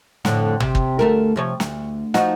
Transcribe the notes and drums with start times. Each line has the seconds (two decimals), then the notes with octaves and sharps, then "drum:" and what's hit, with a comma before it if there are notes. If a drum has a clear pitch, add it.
0.25 F2 A2 D3, drum: snare
0.60 C3, drum: tom G#1
0.75 drum: kick
0.99 D2 A3 A#4
1.36 C3 F3 C#5
1.60 D2, drum: snare
2.14 F3 D#4 F#4, drum: snare